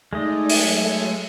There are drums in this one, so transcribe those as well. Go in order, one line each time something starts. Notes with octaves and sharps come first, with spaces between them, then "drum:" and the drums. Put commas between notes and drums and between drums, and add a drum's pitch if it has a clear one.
G#3 A3 D#4 D5 D#5
F#3 A4 C#5, drum: open hi-hat